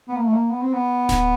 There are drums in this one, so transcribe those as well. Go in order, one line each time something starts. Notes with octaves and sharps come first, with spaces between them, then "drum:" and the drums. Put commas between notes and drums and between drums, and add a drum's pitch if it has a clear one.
B3
A#3
A3
A#3
B3
C4
B3
drum: snare D1